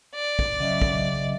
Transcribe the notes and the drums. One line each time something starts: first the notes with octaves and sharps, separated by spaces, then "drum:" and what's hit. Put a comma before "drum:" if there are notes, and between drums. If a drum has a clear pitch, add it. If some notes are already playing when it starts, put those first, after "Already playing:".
D5
drum: kick
C#3 F#3 D#5 E5
drum: kick